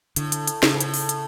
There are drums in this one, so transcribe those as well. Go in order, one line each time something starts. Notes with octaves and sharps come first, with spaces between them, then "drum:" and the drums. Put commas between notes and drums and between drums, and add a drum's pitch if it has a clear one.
A2 D3, drum: hi-hat
drum: hi-hat
drum: hi-hat
A2 C#3, drum: snare
G#2
A2, drum: hi-hat
drum: open hi-hat
drum: hi-hat